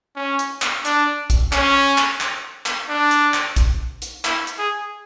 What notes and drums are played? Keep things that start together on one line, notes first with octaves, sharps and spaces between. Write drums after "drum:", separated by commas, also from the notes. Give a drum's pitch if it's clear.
C#4
drum: hi-hat
drum: clap
D4, drum: hi-hat
drum: kick A#1, hi-hat
C#4, drum: clap
drum: clap
drum: clap
drum: clap
D4
drum: hi-hat
drum: clap
drum: kick A#1, hi-hat
drum: hi-hat
E4, drum: clap
drum: hi-hat
G#4